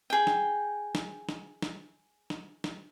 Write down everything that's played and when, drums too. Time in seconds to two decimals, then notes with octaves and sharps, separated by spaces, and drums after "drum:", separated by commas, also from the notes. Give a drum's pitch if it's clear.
0.10 G#4 G5
0.27 drum: snare
0.95 drum: snare
1.29 drum: snare
1.62 drum: snare
2.30 drum: snare
2.64 drum: snare